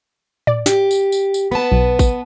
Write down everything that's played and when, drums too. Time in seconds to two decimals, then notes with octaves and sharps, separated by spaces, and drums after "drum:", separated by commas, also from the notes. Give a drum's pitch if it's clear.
0.47 D5, drum: tom A2
0.66 G4, drum: snare
0.91 drum: tambourine
1.12 drum: tambourine
1.34 drum: tambourine
1.52 B3 B4 A5
1.72 B1
1.99 drum: kick A1, tambourine